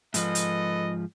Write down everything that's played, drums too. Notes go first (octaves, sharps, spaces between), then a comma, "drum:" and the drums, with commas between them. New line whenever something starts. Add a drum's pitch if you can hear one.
G#2 F3 A4 B4 D#5, drum: hi-hat
drum: hi-hat